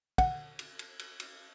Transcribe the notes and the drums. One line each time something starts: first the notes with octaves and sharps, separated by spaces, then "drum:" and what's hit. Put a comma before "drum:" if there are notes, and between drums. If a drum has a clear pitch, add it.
F#5, drum: kick, cymbal
drum: cymbal
drum: cymbal
drum: cymbal
drum: cymbal